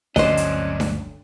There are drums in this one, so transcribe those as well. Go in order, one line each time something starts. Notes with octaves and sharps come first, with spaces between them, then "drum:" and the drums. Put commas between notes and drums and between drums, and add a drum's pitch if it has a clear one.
G1 D2 F#3 C#4 D4 C5 D#5, drum: snare D4
drum: hi-hat
drum: snare D4